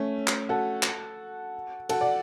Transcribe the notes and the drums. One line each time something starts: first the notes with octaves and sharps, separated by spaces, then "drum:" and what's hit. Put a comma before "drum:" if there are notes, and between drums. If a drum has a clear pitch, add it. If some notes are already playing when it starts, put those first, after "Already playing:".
Already playing: A3 C#4
drum: clap
F#4 A4
drum: clap
F#4 A4, drum: cymbal
D5 F#5